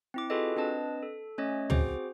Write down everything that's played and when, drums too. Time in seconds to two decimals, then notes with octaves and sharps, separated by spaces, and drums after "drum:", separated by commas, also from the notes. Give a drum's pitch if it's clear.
0.14 C4 E4 D6
0.30 F4 F#4 G#4 A4 B4 D#5
0.56 C4 D4 B4 D#5 A5
1.03 A4
1.38 A3 C#4 C#5 D#5
1.70 C4 F#4 G#4 C5 D6, drum: tom